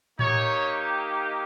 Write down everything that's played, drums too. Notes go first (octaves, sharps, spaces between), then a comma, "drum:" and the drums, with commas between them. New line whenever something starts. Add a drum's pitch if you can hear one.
A#3 D#4 G4 C#5, drum: tom A2